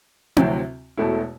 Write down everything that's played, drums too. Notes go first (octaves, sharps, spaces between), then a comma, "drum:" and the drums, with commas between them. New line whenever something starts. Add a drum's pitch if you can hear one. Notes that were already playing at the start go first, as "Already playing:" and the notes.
D2 C3 F#3 C4 E4, drum: tom C4
E1 E2 B2 A3 E4